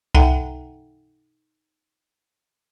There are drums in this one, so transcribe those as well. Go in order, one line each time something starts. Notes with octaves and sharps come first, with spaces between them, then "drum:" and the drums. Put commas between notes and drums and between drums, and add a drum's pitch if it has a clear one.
D#4 A4 E5 F#5 G5 A#5, drum: kick C2